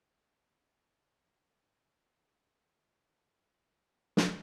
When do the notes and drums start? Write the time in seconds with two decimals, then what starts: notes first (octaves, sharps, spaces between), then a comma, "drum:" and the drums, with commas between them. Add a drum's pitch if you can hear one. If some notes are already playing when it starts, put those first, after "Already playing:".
0.17 E4 C#5 D5 G5
2.10 B2 C#4 D4 A#4 G#5
4.17 drum: snare